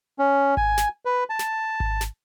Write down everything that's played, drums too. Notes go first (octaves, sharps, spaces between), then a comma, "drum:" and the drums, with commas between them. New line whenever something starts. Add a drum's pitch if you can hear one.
C#4
G#5, drum: kick G#1
drum: snare
B4
A5
drum: snare
drum: kick G#1
drum: snare